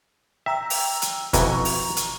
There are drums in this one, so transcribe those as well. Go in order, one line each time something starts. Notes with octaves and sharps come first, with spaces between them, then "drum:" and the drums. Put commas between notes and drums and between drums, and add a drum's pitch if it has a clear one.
E5 G5 A#5 E6
drum: open hi-hat
drum: hi-hat
F2 B2 E3 A#5 C#6, drum: kick, hi-hat
drum: open hi-hat
drum: hi-hat